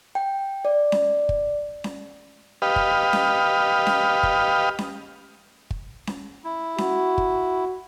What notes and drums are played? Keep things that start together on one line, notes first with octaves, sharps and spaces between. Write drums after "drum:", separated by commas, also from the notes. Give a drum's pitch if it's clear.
G5
D5
drum: snare C#4
drum: kick
drum: snare C#4
G4 B4 D#5 F5
drum: kick
drum: snare C#4
drum: snare C#4
drum: kick
drum: snare C#4
drum: kick
drum: snare C#4
E4
F#4, drum: snare C#4
drum: kick